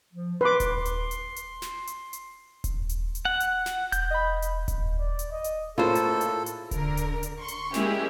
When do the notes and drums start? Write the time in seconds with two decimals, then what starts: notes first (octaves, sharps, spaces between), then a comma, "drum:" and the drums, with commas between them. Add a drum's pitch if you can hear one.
0.13 F3
0.41 B4 C6 D6
0.60 drum: kick D#1, hi-hat
0.85 drum: hi-hat
1.11 drum: hi-hat
1.36 drum: hi-hat
1.62 drum: snare
1.87 drum: hi-hat
2.13 drum: hi-hat
2.64 drum: kick D#1, hi-hat
2.89 drum: hi-hat
3.15 drum: hi-hat
3.25 F#5
3.40 drum: hi-hat
3.66 drum: snare
3.92 E1 G6, drum: hi-hat
4.11 D#5 B5
4.42 drum: hi-hat
4.68 drum: kick D#1, hi-hat
4.98 D5
5.19 drum: hi-hat
5.31 D#5
5.44 drum: hi-hat
5.78 A2 A#3 F4 G#4 A4 C5
5.95 drum: hi-hat
6.21 drum: hi-hat
6.46 drum: hi-hat
6.71 D3 A#4, drum: kick D#1, hi-hat
6.97 drum: hi-hat
7.23 drum: hi-hat
7.38 C6 C#6
7.48 drum: hi-hat
7.74 G#3 A#3 C#4 E4 G4 G#4, drum: snare